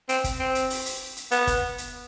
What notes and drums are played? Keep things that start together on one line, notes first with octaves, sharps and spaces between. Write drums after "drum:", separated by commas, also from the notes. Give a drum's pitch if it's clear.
C4, drum: hi-hat
drum: kick, hi-hat
C4
drum: hi-hat
drum: open hi-hat
drum: hi-hat
drum: hi-hat
B3, drum: hi-hat
drum: kick, hi-hat
drum: hi-hat